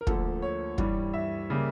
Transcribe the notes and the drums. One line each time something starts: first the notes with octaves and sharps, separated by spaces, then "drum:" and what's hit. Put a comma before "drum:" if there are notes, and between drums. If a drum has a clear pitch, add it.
A#4
D2 D3 F3 A#3 A4, drum: kick
C#5
G2 E3 G3, drum: kick
E5
C#3 G3 A#3